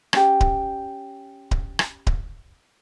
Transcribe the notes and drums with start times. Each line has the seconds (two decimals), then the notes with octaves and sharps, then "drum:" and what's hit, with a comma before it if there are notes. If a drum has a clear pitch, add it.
0.13 C#4 G4, drum: rim click
0.41 drum: kick D1
1.51 drum: kick D1
1.79 drum: rim click
2.07 drum: kick D1